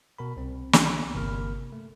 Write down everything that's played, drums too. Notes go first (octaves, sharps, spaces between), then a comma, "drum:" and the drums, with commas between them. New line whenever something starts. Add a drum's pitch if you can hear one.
B2 A#4 B5
C2 C4
drum: snare
G1 C3 A#3 A#4 B5 F6
A3